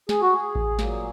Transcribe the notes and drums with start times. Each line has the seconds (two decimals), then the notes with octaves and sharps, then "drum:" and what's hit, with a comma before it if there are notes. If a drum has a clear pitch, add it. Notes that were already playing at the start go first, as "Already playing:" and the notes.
0.09 G#4, drum: snare
0.22 F#4
0.33 G#4
0.55 drum: kick A1
0.79 A#2 F#3 A#3, drum: snare